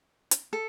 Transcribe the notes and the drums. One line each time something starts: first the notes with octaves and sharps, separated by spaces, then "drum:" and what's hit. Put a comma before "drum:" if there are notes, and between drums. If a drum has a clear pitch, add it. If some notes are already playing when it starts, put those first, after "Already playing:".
drum: hi-hat
A4